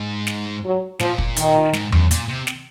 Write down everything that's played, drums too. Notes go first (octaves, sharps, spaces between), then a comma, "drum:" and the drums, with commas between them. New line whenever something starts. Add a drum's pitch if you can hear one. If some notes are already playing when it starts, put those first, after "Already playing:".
Already playing: G#2
drum: snare
F#3
A#2 F3, drum: snare
drum: kick
D#3, drum: hi-hat
G#2, drum: snare
F#2, drum: tom E2
A#2, drum: hi-hat
C3
drum: snare